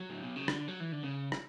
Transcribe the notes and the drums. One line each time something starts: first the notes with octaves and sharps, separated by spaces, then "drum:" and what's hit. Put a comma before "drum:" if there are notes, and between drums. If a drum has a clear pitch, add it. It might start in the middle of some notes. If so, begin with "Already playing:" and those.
Already playing: F#3
A2
B2
C#3
D3, drum: rim click
F#3
E3
D3
C#3
drum: rim click